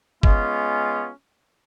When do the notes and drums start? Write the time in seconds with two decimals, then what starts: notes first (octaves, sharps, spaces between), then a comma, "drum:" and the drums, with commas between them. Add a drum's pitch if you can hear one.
0.23 G#3 B3 C#4 F4, drum: kick